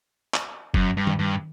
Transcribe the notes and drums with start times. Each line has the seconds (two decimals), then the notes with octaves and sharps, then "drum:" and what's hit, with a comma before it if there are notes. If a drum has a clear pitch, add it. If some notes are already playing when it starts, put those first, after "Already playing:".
0.34 drum: clap
0.74 F#2, drum: kick
0.97 G2
1.07 drum: tom D#3
1.19 G2